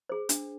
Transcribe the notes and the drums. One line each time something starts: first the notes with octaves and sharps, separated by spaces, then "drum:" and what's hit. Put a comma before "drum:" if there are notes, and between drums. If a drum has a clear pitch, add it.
G#4 C5
D4, drum: hi-hat